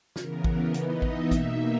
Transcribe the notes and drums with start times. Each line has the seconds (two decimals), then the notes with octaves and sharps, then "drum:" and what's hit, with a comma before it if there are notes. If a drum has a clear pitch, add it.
0.16 C#3 E3 B3 A#4, drum: snare
0.44 A#4, drum: kick A1
0.74 E3 B3 D#4 D#5, drum: hi-hat
1.02 E5, drum: kick A1
1.31 B2 A#3 D#4, drum: kick A1, hi-hat